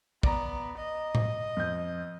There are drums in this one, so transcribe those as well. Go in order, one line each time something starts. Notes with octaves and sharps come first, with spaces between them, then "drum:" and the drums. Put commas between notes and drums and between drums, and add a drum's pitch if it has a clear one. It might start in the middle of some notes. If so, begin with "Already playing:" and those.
B3 D5 A#5, drum: kick
D#5
drum: tom A2
F2 G6